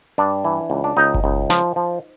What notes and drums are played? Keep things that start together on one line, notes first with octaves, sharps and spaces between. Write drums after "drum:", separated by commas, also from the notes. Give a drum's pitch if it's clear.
G2 D4
E3
C#2
D4
C#2 D#4
drum: kick F#1
C#2
F3, drum: snare
F3